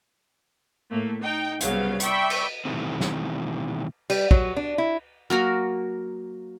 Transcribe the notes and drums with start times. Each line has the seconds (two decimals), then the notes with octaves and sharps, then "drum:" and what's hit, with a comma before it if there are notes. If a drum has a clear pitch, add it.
0.90 A2 A3 A#3
1.20 D#4 G5
1.61 C2 C#3 F#3 B3 F5, drum: hi-hat
2.00 D5 E5 G5 B5 C#6, drum: hi-hat
2.30 drum: cymbal
2.65 B2 D#3 E3 G3 A3 C4
3.01 drum: snare
4.10 G3, drum: cymbal
4.31 F#3, drum: kick
4.56 D4
4.78 E4
5.30 F#3 A#3 F#4 A#4